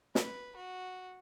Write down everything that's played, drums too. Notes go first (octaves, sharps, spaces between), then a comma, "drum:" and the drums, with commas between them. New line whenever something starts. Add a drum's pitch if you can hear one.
B4, drum: snare
F#4